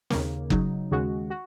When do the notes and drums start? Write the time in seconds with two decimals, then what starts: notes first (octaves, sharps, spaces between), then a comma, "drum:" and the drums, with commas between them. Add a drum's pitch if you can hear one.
0.10 D#2 C#3 A#3, drum: snare
0.50 C#3 F#3 D#4, drum: kick F#1
0.91 D#2 C#3 G#3 F#4
1.30 F#4